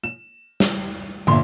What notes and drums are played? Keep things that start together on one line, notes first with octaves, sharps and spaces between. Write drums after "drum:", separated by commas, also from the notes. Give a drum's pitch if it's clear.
E7
drum: snare
G1 A#2 E5 C6